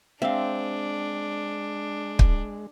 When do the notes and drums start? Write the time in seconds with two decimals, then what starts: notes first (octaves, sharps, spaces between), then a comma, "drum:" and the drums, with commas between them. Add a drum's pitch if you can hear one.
0.22 G#3 C4 D4 E5 F5
2.19 drum: kick